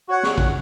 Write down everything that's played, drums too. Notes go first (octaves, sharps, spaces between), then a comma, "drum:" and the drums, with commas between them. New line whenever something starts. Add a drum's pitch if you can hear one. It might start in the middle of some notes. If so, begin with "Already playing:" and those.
F#4 C#5 F#5
drum: snare
drum: kick A1